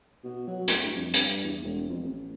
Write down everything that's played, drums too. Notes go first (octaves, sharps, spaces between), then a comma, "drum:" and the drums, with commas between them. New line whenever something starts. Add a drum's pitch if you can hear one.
B2
F#3
A2, drum: hi-hat
G2
F2
G2, drum: hi-hat
E2
E1
F2
A1